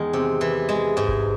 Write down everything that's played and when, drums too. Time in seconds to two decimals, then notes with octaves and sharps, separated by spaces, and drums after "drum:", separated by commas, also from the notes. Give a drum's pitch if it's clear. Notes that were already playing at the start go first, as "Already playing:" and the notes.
Already playing: E2 D#3 G#3
0.13 C3
0.41 E3
0.69 G#3
0.97 G#2
1.08 drum: kick G#1